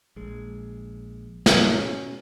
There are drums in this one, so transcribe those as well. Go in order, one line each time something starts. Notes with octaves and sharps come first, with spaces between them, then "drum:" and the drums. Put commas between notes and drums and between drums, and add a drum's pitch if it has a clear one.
A#1 G#3
B2 C#4, drum: snare